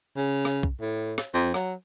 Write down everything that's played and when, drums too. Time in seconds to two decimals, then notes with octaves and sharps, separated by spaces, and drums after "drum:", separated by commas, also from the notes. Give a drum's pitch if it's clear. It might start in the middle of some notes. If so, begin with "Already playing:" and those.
0.16 C#3
0.45 drum: rim click
0.63 drum: kick B1
0.81 A2
1.18 drum: rim click
1.34 F2
1.54 F#3, drum: rim click